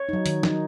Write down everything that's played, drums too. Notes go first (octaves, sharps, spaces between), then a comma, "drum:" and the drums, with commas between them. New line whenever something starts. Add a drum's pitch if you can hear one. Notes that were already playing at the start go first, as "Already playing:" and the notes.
Already playing: C#5
F#3 D#4
D#3, drum: hi-hat
F#3 D#4, drum: snare